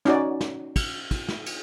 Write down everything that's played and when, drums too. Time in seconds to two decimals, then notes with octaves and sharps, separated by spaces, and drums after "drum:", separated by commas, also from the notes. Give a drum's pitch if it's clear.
0.05 C#4 D#4 F#4 D5, drum: snare
0.41 drum: snare
0.76 drum: kick, cymbal
1.11 drum: kick, cymbal
1.29 drum: snare
1.46 drum: cymbal